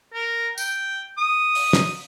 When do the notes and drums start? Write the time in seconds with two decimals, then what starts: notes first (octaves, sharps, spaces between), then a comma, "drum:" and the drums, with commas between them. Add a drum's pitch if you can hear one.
0.14 A#4
0.58 G5, drum: tambourine
1.18 D#6
1.55 drum: open hi-hat
1.73 drum: snare